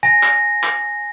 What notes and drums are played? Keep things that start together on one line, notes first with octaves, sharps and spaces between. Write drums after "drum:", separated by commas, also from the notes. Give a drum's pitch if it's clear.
G#5 A#6
drum: clap
drum: clap